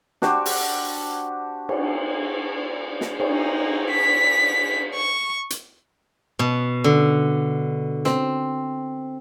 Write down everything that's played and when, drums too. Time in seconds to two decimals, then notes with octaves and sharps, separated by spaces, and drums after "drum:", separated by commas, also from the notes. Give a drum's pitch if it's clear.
0.22 D4 F#4 G4 C5, drum: snare
0.46 drum: open hi-hat
1.69 drum: cymbal
3.01 drum: snare
3.20 drum: cymbal
3.30 D#4
3.90 B6
4.95 C#6
5.50 drum: hi-hat
6.39 B2
6.84 D3
8.05 C4, drum: snare